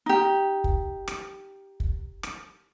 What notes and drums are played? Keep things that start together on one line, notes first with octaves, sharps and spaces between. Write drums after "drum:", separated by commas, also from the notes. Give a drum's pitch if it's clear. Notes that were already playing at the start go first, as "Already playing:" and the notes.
D#4 G4
drum: kick
drum: rim click
drum: kick
drum: rim click